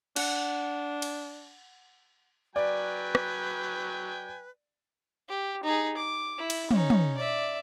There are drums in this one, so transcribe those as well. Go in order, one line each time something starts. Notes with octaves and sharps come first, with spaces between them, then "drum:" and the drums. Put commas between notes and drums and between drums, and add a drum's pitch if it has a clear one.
D4 F#5, drum: cymbal
drum: cymbal
F#3 B4 D5 G5 G#5
drum: rim click
G4
D#4 G#4
D6
E4
drum: cymbal
C#4 D#4, drum: tom
drum: tom
D5 E5